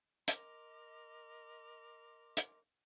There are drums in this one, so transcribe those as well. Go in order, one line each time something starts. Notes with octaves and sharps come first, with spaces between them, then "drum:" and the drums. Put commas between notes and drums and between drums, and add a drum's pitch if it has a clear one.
A#4 D#5 C6 D6, drum: hi-hat
drum: hi-hat